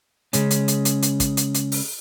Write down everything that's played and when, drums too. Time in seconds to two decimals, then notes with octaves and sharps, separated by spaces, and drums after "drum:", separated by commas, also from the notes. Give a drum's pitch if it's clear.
0.33 C#3 G#3 C#4, drum: hi-hat
0.50 drum: hi-hat
0.68 drum: hi-hat
0.85 drum: hi-hat
1.02 drum: hi-hat
1.20 drum: kick, hi-hat
1.37 drum: hi-hat
1.54 drum: hi-hat
1.72 drum: open hi-hat